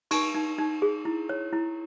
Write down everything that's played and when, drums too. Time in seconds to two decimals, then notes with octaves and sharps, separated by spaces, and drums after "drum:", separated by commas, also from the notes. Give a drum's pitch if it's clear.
0.11 D#4 C#6, drum: cymbal
0.34 D#4
0.58 D#4
0.82 G#4
1.05 E4
1.29 C#5
1.53 E4